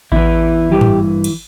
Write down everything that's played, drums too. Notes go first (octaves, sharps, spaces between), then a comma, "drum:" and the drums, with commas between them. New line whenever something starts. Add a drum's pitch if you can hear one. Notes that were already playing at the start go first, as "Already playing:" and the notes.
E2 E3 E4, drum: kick A1
G2 E3 G4
drum: tom G#2
drum: cymbal